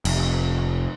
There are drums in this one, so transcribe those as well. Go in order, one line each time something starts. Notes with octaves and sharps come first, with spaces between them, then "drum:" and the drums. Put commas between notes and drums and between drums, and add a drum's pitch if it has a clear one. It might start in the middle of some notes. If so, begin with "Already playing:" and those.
F1, drum: cymbal